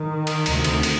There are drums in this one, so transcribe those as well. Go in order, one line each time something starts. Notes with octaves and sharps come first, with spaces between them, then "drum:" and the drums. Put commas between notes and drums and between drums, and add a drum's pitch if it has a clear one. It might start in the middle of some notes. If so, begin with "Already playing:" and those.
Already playing: D#3
drum: cymbal
D2 C3, drum: cymbal
drum: cymbal
drum: cymbal